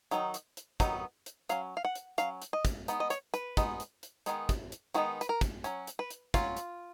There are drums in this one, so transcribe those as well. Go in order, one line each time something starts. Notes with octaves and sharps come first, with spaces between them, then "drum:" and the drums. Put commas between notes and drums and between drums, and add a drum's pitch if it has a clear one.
D#3 F#3 D#4, drum: hi-hat
drum: hi-hat
drum: hi-hat
D#3 F#3 B3 D#4, drum: kick, hi-hat
drum: hi-hat
F#3 C#4 F5, drum: hi-hat
F5
F#5
drum: hi-hat
F#3 C#4 F5, drum: hi-hat
drum: hi-hat
D#5
drum: kick, hi-hat
G#3 B3 D#4, drum: hi-hat
D#5
C#5, drum: hi-hat
B4, drum: hi-hat
G#3 B3 D#4, drum: kick, hi-hat
drum: hi-hat
drum: hi-hat
D#3 G#3 B3 D#4, drum: hi-hat
drum: kick, hi-hat
drum: hi-hat
D#3 G#3 B3 D#4 F#4, drum: hi-hat
B4, drum: hi-hat
A#4
drum: kick, hi-hat
F#3 C#4, drum: hi-hat
drum: hi-hat
B4
drum: hi-hat
F#3 C#4 F4, drum: kick, hi-hat
drum: hi-hat